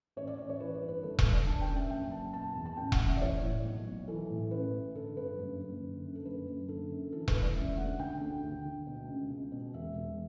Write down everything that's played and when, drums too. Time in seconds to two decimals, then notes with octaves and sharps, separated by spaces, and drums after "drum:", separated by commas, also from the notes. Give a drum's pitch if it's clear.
0.16 A1 C#5
0.27 D5
0.38 A1 D5
0.49 C#5
0.60 E3 B4
0.74 B4
0.82 G2
0.88 B4
1.03 G1 A4
1.19 B4, drum: kick E1
1.26 G1
1.33 D5
1.47 D3 A5
1.61 G5
1.69 F#2
1.76 E5
1.90 F#1 G5
2.12 F#1 A5
2.33 B2 A5
2.55 E2
2.66 A5
2.77 A1 G5
2.92 F#5, drum: kick E1
2.99 A1
3.06 E5
3.17 D5
3.21 E3 C#5
3.42 A2
3.65 B1
3.87 B1
4.08 E3 A4
4.30 A2
4.51 A1 B4
4.73 A1
4.95 D3 A4
5.17 G2 B4
5.38 F#1
5.61 F#1
5.82 D3
6.04 F#2
6.15 A4
6.25 F#1 B4
6.47 F#1
6.68 D3 A4
6.91 F#2
7.12 E3 A4
7.28 B4, drum: kick E1
7.34 E1
7.42 D5
7.55 C#3 E5
7.77 D2 F#5
7.99 D3 G5
8.21 D2
8.43 D2
8.65 D3
8.87 B2
9.08 C#2
9.30 C#2
9.52 B2
9.74 E1 E5
9.95 E1